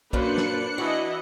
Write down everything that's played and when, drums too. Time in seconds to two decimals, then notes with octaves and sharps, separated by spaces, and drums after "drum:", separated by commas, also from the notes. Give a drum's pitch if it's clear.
0.13 F#2 A#2 A#3 D4 B4 C5 F#6 C#7, drum: kick
0.38 drum: snare
0.78 E3 E4 F#4 D#5